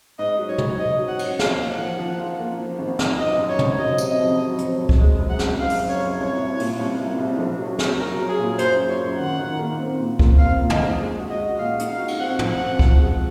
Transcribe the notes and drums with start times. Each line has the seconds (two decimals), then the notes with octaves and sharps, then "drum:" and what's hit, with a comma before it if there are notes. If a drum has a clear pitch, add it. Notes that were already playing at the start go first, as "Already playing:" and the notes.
0.19 G#2 D#5
0.39 F#3
0.49 C#5
0.58 F#3, drum: tom
0.79 G#2 D#5
0.99 F#3
1.08 F#5
1.19 C#4, drum: cymbal
1.39 F3 F5, drum: snare
1.58 A#3
1.69 F#5
1.78 F3
1.99 F3
2.19 F4
2.39 A#3
2.59 F3
2.79 G#1
2.99 G#1, drum: snare
3.18 F#2 D#5
3.39 F#2
3.49 C#5
3.59 G#1, drum: tom
3.78 F#3 D#5
3.98 C3, drum: tambourine
4.08 D#5
4.19 F2
4.39 F#3
4.58 F2, drum: hi-hat
4.78 F2
4.89 drum: kick C2
5.00 G#3
5.19 F#2
5.30 F#5
5.39 F#2, drum: snare
5.59 F#1 F5
5.70 drum: open hi-hat
5.79 F#2
5.89 C#5
6.00 F#2
6.19 C2 C#5
6.38 C2
6.60 A#2, drum: open hi-hat
6.79 C2
6.99 C2
7.18 C2
7.39 A#1
7.59 F#3
7.79 F#3, drum: snare
7.99 F#3 A#4
8.19 F#3
8.28 G#4
8.40 A#2
8.59 F#2 C5, drum: hi-hat
8.79 F#2
8.89 C#5
8.99 F#2
9.19 D#3 F#5
9.39 D#3
9.59 A#3
9.79 C4
9.99 A#2
10.19 A#2, drum: kick C2
10.39 C4 F5
10.59 A#2
10.70 D#5, drum: tom
10.80 A#1
10.99 G#3
11.20 F#4
11.30 D#5
11.40 F#4
11.59 A#2 F5
11.79 D#4, drum: hi-hat
11.89 F5
11.99 F#4
12.08 drum: cymbal
12.20 C4 F#5
12.39 F3, drum: tom
12.49 F#5
12.60 C4
12.79 F3, drum: kick C2
12.99 G#3